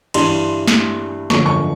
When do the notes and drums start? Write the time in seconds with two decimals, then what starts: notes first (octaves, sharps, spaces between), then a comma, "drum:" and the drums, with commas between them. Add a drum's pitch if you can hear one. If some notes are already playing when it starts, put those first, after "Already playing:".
0.14 G2 E3 G3 C6, drum: cymbal
0.68 drum: snare
1.30 F#2 D3 F3 C#6, drum: snare
1.46 C#6